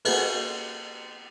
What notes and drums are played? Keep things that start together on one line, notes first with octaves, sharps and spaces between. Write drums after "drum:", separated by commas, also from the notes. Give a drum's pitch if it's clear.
A#3 F#4 G#4 A4 B4, drum: cymbal